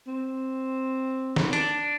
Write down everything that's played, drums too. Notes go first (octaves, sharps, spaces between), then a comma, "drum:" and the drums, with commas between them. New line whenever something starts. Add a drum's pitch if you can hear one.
C4
drum: snare
D4, drum: hi-hat